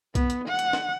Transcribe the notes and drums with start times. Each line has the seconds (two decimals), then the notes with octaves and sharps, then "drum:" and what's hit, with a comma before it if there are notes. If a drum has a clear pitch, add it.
0.15 B3, drum: kick, hi-hat
0.30 drum: hi-hat
0.49 F#5
0.59 drum: hi-hat
0.73 drum: snare D4